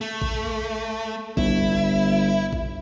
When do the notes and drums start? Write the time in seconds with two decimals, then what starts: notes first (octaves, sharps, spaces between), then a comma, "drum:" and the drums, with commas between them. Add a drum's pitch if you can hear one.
0.01 A3
0.22 drum: kick A1
1.37 G1 E4, drum: kick A1
2.53 drum: kick A1